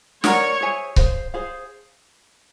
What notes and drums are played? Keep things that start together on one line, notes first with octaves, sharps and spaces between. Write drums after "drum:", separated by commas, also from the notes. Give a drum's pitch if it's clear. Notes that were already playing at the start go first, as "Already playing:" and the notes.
A#4 C#5 D5 F#5 A#5, drum: snare
G#4 C5 E5 G#5
G#4 C5 F5, drum: kick C#1
G#4 C5 F5